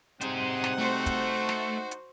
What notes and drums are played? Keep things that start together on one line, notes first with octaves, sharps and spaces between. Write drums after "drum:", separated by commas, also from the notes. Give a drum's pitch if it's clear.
C3 G3 C4 D#4 G#4 C5 F#5, drum: hi-hat
drum: snare
A3 F#4 C5
drum: kick, hi-hat
drum: snare
drum: hi-hat